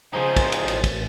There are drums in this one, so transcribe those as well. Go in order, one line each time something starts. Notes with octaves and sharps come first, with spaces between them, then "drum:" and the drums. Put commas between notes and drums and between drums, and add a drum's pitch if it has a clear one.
C#3 F3 D#4 G#4 C5
drum: kick, cymbal
drum: cymbal
A1, drum: cymbal
drum: kick, cymbal